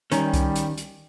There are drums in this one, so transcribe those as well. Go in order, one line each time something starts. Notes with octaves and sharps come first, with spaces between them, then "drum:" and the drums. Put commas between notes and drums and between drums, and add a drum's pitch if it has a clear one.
D#3 G3 C#4, drum: hi-hat
drum: kick C2, hi-hat
drum: hi-hat
drum: hi-hat